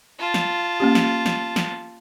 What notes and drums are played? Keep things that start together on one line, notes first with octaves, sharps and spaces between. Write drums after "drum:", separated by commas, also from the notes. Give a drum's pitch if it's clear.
F4 A5
drum: snare
A#3 C#4 G4
drum: snare
drum: snare
drum: snare